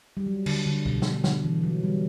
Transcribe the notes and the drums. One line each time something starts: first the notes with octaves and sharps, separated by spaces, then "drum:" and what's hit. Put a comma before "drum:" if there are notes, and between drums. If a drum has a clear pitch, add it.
G3
F#3
D3, drum: cymbal
D3
B2, drum: kick
drum: snare
D3, drum: snare
E3
F#3
G3